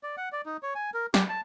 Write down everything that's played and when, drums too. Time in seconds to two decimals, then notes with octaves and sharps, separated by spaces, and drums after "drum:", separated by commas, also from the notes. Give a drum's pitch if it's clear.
0.03 D5
0.17 F#5
0.32 D5
0.46 D#4
0.63 C#5
0.75 G#5
0.94 A#4
1.14 G4, drum: snare
1.29 A5